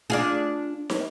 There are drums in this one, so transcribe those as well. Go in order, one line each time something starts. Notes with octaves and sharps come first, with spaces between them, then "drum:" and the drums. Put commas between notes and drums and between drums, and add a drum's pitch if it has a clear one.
D4 F4 G#4
drum: snare